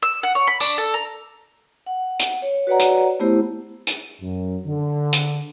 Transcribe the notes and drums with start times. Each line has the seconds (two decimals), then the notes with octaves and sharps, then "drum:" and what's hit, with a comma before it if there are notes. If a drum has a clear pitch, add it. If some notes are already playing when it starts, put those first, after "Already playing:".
0.02 E6
0.23 F#5
0.35 C#5
0.47 B5
0.60 D4, drum: tambourine
0.78 A4
0.94 A#5
1.86 F#5
2.20 F#5, drum: hi-hat
2.42 C#5
2.67 F#4 B4 C#5 D5 F#5 A#5
2.80 drum: hi-hat
3.20 A3 B3 E4 G4 C5
3.87 drum: hi-hat
4.20 F#2
4.66 D3
5.13 drum: hi-hat